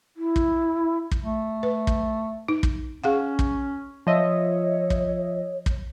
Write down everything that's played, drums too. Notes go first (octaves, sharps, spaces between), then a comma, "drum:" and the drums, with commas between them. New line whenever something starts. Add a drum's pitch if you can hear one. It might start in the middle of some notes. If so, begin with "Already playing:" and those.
E4
drum: kick
drum: kick
A3
B4
drum: kick
D#4
drum: kick
C#4 G#4 F5 F#5
drum: kick
F3 C#5 D#5 E5
drum: kick
drum: kick